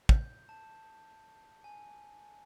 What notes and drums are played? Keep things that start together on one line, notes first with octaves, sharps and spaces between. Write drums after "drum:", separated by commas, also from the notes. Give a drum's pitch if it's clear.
G6, drum: kick
A5
G#5